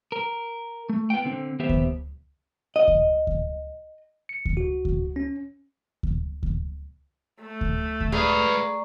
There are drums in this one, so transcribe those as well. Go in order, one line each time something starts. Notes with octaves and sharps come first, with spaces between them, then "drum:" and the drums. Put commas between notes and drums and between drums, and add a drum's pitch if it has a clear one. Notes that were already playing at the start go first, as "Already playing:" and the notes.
A#4
A3
B3 F4 F#5 G5
D3 C4
D#2 B3 G4 C5 E5
drum: kick D2
D#5
drum: kick D2
drum: kick D2
C#7
drum: kick D2
F#4
drum: kick D2
C#4
drum: kick D2
drum: kick D2
A3
drum: kick D2
drum: kick D2
G#4 B4 D5 F5 A#5 C#6